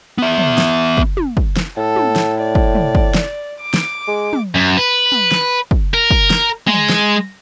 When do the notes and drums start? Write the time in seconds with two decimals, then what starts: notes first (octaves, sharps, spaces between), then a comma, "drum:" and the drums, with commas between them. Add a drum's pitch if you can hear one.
0.18 B3 E5
0.38 drum: tom
0.58 drum: snare
0.97 drum: kick
1.17 drum: tom
1.37 drum: kick
1.57 drum: snare
1.77 A2 A4
1.96 drum: tom
2.16 drum: snare
2.41 D5
2.55 drum: kick
2.75 drum: tom
2.95 drum: kick
3.14 drum: snare
3.61 D6
3.74 drum: snare
4.08 G#3
4.33 drum: tom
4.56 F#2
4.78 B4
5.12 drum: tom
5.32 drum: snare
5.71 drum: kick
5.94 A#4
6.11 drum: kick
6.30 drum: snare
6.67 G#3, drum: tom
6.89 drum: snare